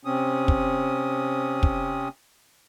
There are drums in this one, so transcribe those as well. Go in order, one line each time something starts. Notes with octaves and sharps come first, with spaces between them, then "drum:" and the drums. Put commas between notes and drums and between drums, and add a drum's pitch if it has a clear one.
C3 C4 C#4 D#6
drum: kick
drum: kick